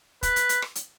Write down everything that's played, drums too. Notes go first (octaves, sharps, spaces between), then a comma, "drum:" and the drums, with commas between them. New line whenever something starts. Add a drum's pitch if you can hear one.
B4, drum: kick, hi-hat
drum: hi-hat
drum: hi-hat
drum: rim click
drum: hi-hat